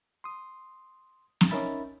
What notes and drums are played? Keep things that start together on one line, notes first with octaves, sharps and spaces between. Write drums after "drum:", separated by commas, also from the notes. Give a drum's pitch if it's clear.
C6 D#6
drum: snare
C#4 D#4 A#4 E5 B5 A6